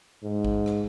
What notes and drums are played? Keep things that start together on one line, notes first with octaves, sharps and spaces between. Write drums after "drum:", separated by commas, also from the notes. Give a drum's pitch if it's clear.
G#2
drum: kick G#1
drum: rim click